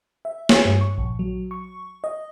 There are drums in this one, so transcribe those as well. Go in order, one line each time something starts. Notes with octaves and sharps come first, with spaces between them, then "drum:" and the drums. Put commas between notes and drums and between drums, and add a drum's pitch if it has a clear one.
E5
C#5, drum: snare
G2
C#6
A#1
F#3
C#6
D#5